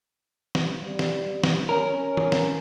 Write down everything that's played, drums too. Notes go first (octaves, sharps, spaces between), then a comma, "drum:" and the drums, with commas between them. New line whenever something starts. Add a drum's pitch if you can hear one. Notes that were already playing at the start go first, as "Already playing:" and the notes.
drum: snare
G3
drum: snare
drum: snare
C#4 A#4
drum: tom D#3
drum: snare